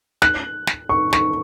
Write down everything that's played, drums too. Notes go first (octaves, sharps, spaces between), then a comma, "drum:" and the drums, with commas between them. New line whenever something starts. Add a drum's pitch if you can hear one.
F#6, drum: snare
drum: snare
C#6
C#6, drum: snare